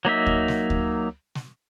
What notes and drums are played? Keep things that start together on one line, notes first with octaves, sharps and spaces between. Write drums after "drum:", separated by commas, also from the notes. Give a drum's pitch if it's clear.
F#3 A#3 D#4 E5
drum: kick D2
drum: snare
drum: kick D2
drum: snare